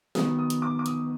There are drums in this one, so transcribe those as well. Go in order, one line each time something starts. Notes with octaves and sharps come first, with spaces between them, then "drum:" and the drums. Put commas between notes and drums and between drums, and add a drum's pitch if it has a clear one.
D#3 F#3 B3 D#6, drum: snare
D#6
drum: hi-hat
D6
D6
D#6, drum: hi-hat